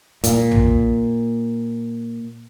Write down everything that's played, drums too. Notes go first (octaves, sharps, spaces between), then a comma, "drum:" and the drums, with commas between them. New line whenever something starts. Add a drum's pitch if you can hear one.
A#2, drum: hi-hat
drum: tom